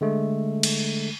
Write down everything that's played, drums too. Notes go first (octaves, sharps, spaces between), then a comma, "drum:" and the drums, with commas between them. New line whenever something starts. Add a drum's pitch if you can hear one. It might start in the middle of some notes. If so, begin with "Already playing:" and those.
D3 G#3 A3
drum: cymbal